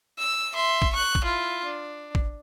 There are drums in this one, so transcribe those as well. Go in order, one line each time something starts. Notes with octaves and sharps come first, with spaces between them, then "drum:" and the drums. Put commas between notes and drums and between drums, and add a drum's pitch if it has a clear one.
E6
E5 C6
drum: kick
C#6 F#6
drum: kick
E4 F4
D4
drum: kick